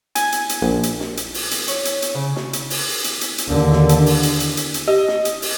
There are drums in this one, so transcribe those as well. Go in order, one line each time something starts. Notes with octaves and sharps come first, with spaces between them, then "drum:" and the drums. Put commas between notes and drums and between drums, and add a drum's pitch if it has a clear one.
G#5, drum: hi-hat
drum: hi-hat
drum: hi-hat
A#1
drum: hi-hat
drum: snare
drum: hi-hat
drum: open hi-hat
drum: hi-hat
C#5, drum: hi-hat
drum: hi-hat
drum: hi-hat
C#3
drum: snare
drum: hi-hat
drum: open hi-hat
drum: hi-hat
drum: hi-hat
drum: hi-hat
D#2 D3
drum: snare
drum: hi-hat
drum: open hi-hat
drum: hi-hat
drum: hi-hat
drum: hi-hat
drum: hi-hat
G4 D#5
drum: snare
drum: hi-hat
drum: open hi-hat